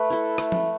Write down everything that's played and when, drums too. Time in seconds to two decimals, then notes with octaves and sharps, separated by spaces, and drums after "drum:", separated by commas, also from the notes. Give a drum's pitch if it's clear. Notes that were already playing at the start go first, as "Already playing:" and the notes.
Already playing: A3 B4
0.10 E4 A4
0.38 A3, drum: rim click
0.52 drum: tom F3